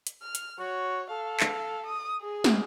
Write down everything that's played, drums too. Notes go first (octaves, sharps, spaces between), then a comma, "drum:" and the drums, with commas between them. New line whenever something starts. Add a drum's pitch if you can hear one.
drum: hi-hat
F6
drum: hi-hat
F#4 C#5
A4 F5
drum: clap
D#6
G#4
drum: snare